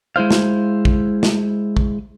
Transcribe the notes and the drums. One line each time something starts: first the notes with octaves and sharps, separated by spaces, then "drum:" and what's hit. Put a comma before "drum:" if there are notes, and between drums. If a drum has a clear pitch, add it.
G#3 E4 C5 F5
drum: snare
drum: kick
drum: snare
drum: kick